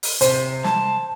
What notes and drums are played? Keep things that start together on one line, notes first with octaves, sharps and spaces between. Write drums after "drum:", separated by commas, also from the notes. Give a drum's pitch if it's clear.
drum: open hi-hat
C3 C5, drum: hi-hat
A5, drum: snare